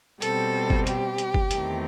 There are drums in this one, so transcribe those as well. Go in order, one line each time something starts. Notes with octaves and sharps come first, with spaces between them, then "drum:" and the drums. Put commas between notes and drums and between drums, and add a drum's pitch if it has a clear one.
B2 G3 C4 A4, drum: hi-hat
drum: kick G1
G4, drum: hi-hat
drum: hi-hat
drum: kick G1
E2 D#3 A3 C4, drum: hi-hat